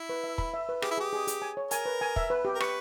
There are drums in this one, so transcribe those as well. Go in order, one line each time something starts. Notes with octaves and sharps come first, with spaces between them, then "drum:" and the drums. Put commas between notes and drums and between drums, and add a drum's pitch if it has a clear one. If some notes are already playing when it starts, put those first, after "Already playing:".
Already playing: E4
B4
E5
B5, drum: kick
E5
B4
G4 G#4, drum: rim click
E4
G4 G#4
G#4
G#4, drum: hi-hat
G#5
C#5
A#4 G#5, drum: hi-hat
B4
G#5
E5, drum: kick
B4
G4
A#4
B4 C#6, drum: rim click